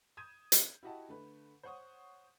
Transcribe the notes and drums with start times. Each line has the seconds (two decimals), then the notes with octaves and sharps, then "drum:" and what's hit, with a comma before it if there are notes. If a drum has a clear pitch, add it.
0.17 D#6 G6 G#6 D#7 E7
0.52 drum: hi-hat
0.83 E4 F#4 G4 D#5 F#5 A5
1.08 D3 A3 B4
1.63 C5 C#5 F#5 C#6 D#6